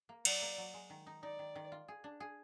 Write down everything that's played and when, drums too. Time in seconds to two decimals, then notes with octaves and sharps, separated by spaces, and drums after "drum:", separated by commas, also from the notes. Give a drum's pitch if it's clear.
0.09 A#3
0.25 F#3 D5, drum: cymbal
0.42 A#3
0.58 F#3
0.74 G#3
0.90 D#3
1.07 D#4
1.23 D#4 D5
1.39 D#3
1.55 D#3
1.72 F4
1.88 G#4
2.04 D4
2.20 G#4